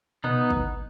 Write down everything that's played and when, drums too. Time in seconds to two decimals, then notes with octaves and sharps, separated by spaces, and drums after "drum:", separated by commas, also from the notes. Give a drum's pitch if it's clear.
0.24 B3 D#4, drum: tom A#2
0.50 drum: kick